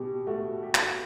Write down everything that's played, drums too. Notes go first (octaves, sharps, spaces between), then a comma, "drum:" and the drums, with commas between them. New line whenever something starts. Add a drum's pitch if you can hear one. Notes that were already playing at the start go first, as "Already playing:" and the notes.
Already playing: B2 G4
A3 F#4
G4
drum: clap